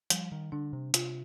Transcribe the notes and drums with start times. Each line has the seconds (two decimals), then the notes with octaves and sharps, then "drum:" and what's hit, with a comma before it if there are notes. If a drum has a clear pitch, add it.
0.10 F3 G3, drum: hi-hat
0.32 D#3
0.52 D3 D4
0.73 C3
0.94 C3 F4, drum: hi-hat